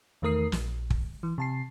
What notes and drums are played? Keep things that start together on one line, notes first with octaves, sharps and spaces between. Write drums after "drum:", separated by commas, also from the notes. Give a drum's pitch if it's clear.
E2 D#3 A3 A#4 D#6 C7
A#1, drum: snare
drum: kick
E3
C3 A5 C7